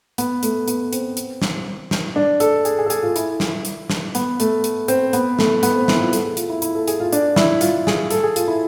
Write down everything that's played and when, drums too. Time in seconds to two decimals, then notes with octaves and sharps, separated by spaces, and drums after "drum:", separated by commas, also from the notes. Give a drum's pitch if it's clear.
0.18 B3, drum: hi-hat
0.43 A3, drum: hi-hat
0.68 B3, drum: hi-hat
0.93 C4, drum: hi-hat
1.17 drum: hi-hat
1.42 drum: snare
1.91 drum: snare
2.16 D4
2.40 A4, drum: hi-hat
2.65 G#4, drum: hi-hat
2.79 G#4
2.86 A4
2.90 G#4, drum: hi-hat
3.03 F4
3.16 E4, drum: hi-hat
3.40 drum: snare
3.65 drum: hi-hat
3.90 drum: snare
4.15 B3, drum: hi-hat
4.40 A3, drum: hi-hat
4.64 drum: hi-hat
4.88 C4, drum: hi-hat
5.13 B3, drum: hi-hat
5.39 A3, drum: snare
5.63 B3, drum: hi-hat
5.76 C4
5.88 E4, drum: snare
6.00 F4
6.13 A4, drum: hi-hat
6.25 G#4
6.37 F4, drum: hi-hat
6.50 E4
6.62 E4, drum: hi-hat
6.75 A4
6.88 G#4, drum: hi-hat
7.00 F4
7.13 D4, drum: hi-hat
7.36 E4, drum: snare
7.61 F4, drum: hi-hat
7.87 G#4, drum: snare
8.10 A4, drum: hi-hat
8.23 G#4
8.36 F4, drum: hi-hat
8.48 E4